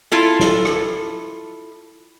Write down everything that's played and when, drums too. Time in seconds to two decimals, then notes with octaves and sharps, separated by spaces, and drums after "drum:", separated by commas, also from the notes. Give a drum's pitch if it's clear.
0.12 E4 F4 A4
0.40 drum: snare
0.65 drum: rim click